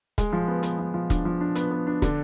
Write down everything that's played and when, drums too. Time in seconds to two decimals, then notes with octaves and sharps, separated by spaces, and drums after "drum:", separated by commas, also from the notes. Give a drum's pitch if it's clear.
0.18 G#3, drum: kick, hi-hat
0.33 F3
0.48 B3
0.63 B3, drum: hi-hat
0.79 F3
0.94 F3
1.10 D4, drum: kick, hi-hat
1.25 F3
1.41 D4
1.55 B3, drum: hi-hat
1.71 B3
1.87 D4
2.02 D3, drum: kick, hi-hat